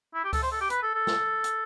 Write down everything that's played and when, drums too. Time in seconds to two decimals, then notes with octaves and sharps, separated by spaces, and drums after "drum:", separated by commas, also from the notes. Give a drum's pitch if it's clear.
0.14 E4
0.24 G4
0.33 A4, drum: kick C#2, open hi-hat
0.42 C5
0.52 A4
0.61 G4
0.70 B4, drum: hi-hat
0.82 A4
0.94 A4
1.07 drum: snare
1.44 drum: hi-hat